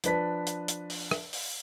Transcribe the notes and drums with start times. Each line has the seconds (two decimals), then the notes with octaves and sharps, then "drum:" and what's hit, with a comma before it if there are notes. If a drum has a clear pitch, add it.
0.04 F3 D4 B4 A5 B6, drum: hi-hat
0.47 drum: hi-hat
0.68 drum: hi-hat
0.90 drum: open hi-hat
1.11 drum: rim click
1.33 drum: open hi-hat